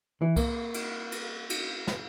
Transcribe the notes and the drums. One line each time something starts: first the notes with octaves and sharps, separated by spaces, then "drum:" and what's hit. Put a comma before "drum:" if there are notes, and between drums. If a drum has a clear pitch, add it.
E3
A#3, drum: kick C2, cymbal
drum: cymbal
drum: cymbal
drum: cymbal
drum: snare